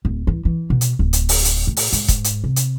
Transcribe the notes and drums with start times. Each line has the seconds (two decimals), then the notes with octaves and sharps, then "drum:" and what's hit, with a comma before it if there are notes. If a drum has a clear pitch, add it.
0.05 D1
0.27 E3
0.45 E3
0.70 B2
0.81 drum: hi-hat
0.99 D1
1.13 drum: hi-hat
1.29 drum: open hi-hat
1.45 drum: hi-hat
1.67 A2
1.77 drum: open hi-hat
1.92 G#2, drum: hi-hat
2.08 drum: kick, hi-hat
2.24 drum: hi-hat
2.44 C3
2.56 drum: hi-hat